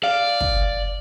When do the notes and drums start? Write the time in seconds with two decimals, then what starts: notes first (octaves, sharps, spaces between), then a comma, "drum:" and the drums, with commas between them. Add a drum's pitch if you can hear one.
0.04 D5 F5
0.41 drum: kick